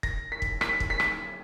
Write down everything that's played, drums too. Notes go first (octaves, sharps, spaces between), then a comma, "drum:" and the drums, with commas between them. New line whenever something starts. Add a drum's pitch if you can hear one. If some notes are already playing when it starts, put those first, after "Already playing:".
A#6, drum: kick
B6
drum: kick
B6, drum: rim click
drum: kick
B6
drum: rim click